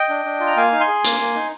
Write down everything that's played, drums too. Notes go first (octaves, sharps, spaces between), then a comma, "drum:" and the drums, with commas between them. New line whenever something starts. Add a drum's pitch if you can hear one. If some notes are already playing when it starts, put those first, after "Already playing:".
Already playing: D#5 G5
D4
D4
F4
A#5
A#3 F5 G#5
D#4
G#5 C6
G#4
A#3, drum: hi-hat
A#3
D#4